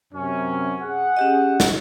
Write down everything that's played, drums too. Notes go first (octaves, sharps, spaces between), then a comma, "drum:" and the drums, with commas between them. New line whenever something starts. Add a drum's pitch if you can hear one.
F#2 C3 C#4
G#4 F#5
C#4 G4 D#5
drum: snare